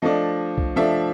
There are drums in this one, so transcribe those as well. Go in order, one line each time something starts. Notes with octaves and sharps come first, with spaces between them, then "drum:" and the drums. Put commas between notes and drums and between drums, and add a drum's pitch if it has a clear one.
F3 A3 D4 D#5
drum: kick
F3 A3 D4 E5